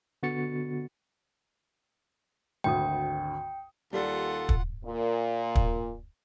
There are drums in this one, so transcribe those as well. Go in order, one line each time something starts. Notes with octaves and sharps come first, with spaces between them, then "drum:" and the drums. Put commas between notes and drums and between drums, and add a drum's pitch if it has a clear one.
D3 B3 F#4 A6 C#7
G#1 D2 G5 D#6
D#2 G3 F4 A4 F#5
drum: kick
A#2
drum: kick